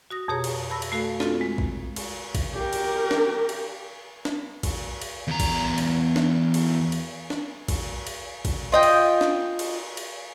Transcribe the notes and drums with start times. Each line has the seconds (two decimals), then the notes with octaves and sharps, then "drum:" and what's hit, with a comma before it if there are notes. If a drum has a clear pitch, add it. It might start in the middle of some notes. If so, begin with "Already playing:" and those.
0.11 F#4 D#6 A#6
0.28 F2 B2 G4 G#4 C#5 A#5
0.44 drum: cymbal
0.70 A5 B5 E6 A#6
0.82 drum: cymbal
0.92 A3 F#4 A4 F5
1.20 C4 F4 F#4 A4, drum: snare
1.41 G#3
1.58 drum: kick
1.96 drum: cymbal
2.35 drum: kick, cymbal
2.54 G4 A#4
2.73 drum: cymbal
3.11 drum: snare
3.49 drum: cymbal
4.25 drum: snare
4.63 drum: kick, cymbal
5.01 drum: cymbal
5.28 E2 A#5
5.40 drum: kick, cymbal
5.78 drum: cymbal
6.16 drum: snare
6.54 drum: cymbal
6.92 drum: cymbal
7.30 drum: snare
7.68 drum: kick, cymbal
8.07 drum: cymbal
8.45 drum: kick, cymbal
8.72 F4 D#5 G5
8.83 drum: cymbal
9.21 drum: snare
9.59 drum: cymbal
9.97 drum: cymbal